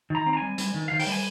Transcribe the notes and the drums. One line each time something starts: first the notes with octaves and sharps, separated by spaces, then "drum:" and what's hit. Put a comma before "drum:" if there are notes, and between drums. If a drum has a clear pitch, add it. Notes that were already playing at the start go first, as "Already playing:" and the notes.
D#3 A#5
C4
A#5
G3 G#5
G3, drum: hi-hat
D#3
D#3 F5
G5, drum: open hi-hat
G3
G#5